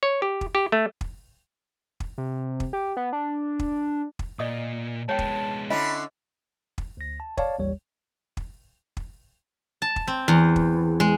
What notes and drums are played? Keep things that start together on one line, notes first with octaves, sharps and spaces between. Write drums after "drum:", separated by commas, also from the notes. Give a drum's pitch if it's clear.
C#5
G4
drum: kick
G4
A3
drum: kick
drum: kick
C3
drum: kick
G4
B3
D4
drum: kick
drum: kick
A#2 D5 D#5 D#6
G#3 B3 C#5 G5 A5
drum: kick
D3 C#4 E4 D#5 B5
drum: kick
D2 A#6
A5
C#5 D5 F5 A5, drum: kick
A1 D#2 G3 C#5
drum: kick
drum: kick
A5
drum: kick
C4
E2
drum: kick
G#3